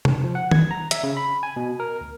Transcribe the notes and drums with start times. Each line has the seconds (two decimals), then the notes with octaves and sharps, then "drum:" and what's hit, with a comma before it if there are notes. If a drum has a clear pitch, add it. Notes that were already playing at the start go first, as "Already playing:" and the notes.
0.05 drum: tom
0.24 F3
0.35 F#5
0.51 G#6, drum: tom
0.71 A#5
0.91 E5, drum: hi-hat
1.03 C#3
1.17 B5
1.43 G#5
1.56 B2
1.80 A#4
2.01 D2